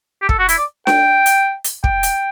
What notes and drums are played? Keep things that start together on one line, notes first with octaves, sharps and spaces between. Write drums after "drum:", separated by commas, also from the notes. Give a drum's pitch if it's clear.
G4
A4, drum: kick
F#4
E4, drum: hi-hat
D5
G5, drum: snare D4
drum: hi-hat
drum: hi-hat
G5, drum: kick
drum: hi-hat